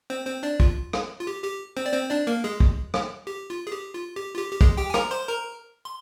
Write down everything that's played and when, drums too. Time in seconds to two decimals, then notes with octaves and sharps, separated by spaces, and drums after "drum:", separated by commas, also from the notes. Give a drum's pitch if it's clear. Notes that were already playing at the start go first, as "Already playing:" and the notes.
0.10 C4 C5
0.26 C4 C5
0.43 D4 D5
0.60 F4, drum: kick
0.93 drum: rim click
1.19 F4
1.27 G4
1.44 G4
1.77 C4 C5
1.86 D5
1.93 C4 C5
2.10 D4 D5
2.27 A#3 A#4
2.44 G#3 G#4
2.60 drum: kick
2.94 drum: rim click
3.27 G4
3.50 F4
3.67 G#4
3.72 G4
3.94 F4
4.16 G4
4.34 F4
4.38 G4
4.52 G4
4.61 G#3 G#4, drum: kick
4.77 G4 G5
4.90 G#5
4.94 A#4 A#5, drum: rim click
5.11 C5 C6
5.27 A#4 A#5
5.85 C6